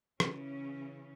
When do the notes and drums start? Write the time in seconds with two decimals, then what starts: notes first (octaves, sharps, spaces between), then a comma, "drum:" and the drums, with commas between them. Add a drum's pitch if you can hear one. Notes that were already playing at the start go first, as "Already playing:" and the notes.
0.20 C#3 E3 C#4, drum: rim click